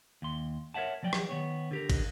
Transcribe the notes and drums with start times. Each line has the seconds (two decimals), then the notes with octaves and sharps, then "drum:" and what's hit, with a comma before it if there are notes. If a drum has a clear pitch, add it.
0.22 D#2 C6
0.74 A#4 C#5 E5 F#5 A5
1.03 F3 F#3 D5 G5
1.13 drum: rim click
1.29 D#3 B3 C#5
1.71 D3 G4 A#4
1.90 drum: kick, cymbal